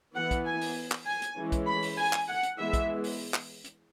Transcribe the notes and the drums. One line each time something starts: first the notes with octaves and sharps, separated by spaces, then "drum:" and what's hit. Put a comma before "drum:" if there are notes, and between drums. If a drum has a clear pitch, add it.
E3 B3 F#5
drum: kick, hi-hat
G#5
drum: open hi-hat
drum: clap
G#5
drum: hi-hat
E3 G#3 C#4
drum: kick, hi-hat
B5
drum: open hi-hat
G#5
drum: clap
F#5
drum: hi-hat
E3 G#3 B3 E5
drum: kick, hi-hat
drum: open hi-hat
drum: clap
drum: hi-hat